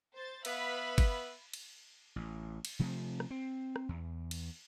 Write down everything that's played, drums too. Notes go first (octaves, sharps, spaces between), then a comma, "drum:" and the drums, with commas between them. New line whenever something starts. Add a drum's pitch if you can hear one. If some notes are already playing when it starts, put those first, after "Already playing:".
C5 A6
B3 B4 E5 F5 B5, drum: cymbal
drum: kick G1, cymbal
drum: cymbal
A1
drum: cymbal
C3 F3 A3 C4
drum: rim click
C4
drum: rim click
E2
drum: cymbal